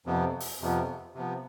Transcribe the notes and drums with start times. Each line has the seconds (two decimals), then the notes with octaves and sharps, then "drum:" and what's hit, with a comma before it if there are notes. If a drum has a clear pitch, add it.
0.06 F2 C3 F3 B3
0.40 drum: open hi-hat
0.61 F2 C3 F3 B3
1.15 C3 F3 B3